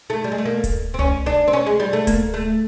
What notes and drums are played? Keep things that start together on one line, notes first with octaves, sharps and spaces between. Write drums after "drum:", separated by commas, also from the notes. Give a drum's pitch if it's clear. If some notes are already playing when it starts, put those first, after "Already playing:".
A3
G3
G#3
A3
A#3
drum: kick D1, hi-hat
C4
C#4, drum: tom C2
D4
C4
C#4
G#3
G3
A3
A#3, drum: kick D1, hi-hat
A3